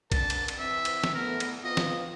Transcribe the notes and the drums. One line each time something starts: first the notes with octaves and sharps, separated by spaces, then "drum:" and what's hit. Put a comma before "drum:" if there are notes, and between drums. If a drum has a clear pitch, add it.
C4 D4 A#4 A5, drum: kick A#1, cymbal
drum: cymbal
drum: cymbal
E3 C4 E5
drum: cymbal
drum: snare
A2 A3 B3 A#4
drum: cymbal
B3 C4 F4 D#5
drum: snare